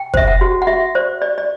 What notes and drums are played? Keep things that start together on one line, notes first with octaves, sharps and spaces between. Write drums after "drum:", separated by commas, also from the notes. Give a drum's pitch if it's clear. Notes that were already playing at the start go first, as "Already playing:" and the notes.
Already playing: G5
C5 E5, drum: kick
F#5
F#4
F#5
F#4 E5
C5 D5
C5 D5
D5